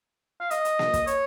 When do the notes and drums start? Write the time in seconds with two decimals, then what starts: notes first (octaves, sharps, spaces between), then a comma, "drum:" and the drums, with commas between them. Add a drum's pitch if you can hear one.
0.41 F5
0.51 D#5, drum: hi-hat
0.65 drum: hi-hat
0.79 drum: snare A#3
0.93 drum: kick, hi-hat
1.07 C#5, drum: hi-hat